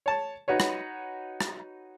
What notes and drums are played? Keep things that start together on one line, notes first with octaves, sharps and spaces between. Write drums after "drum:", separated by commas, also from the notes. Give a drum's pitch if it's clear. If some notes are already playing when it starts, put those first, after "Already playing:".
C#5 A5
D#4 F#4 B4 C#5
drum: rim click
drum: rim click